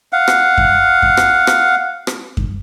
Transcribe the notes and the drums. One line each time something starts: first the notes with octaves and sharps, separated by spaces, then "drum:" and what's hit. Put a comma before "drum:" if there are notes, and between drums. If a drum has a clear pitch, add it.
F5 F#5
drum: rim click
drum: kick F#2
drum: kick F#2
drum: rim click
drum: rim click
drum: rim click
drum: kick F#2